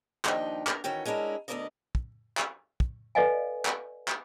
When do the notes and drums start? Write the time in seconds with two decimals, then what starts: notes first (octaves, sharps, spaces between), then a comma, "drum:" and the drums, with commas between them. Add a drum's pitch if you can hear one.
0.25 D#2 F3 B3 D4 D#4 G5, drum: clap
0.67 A#4, drum: clap
0.84 D#3 E3 C#4 F#4 G5
1.05 G#3 C#4 D4 E4 A#4
1.48 D2 E3 B3 A#4 D5 D#5
1.95 drum: kick
2.37 drum: clap
2.80 drum: kick
3.15 A4 B4 D5 D#5 F5 G#5
3.65 drum: clap
4.08 drum: clap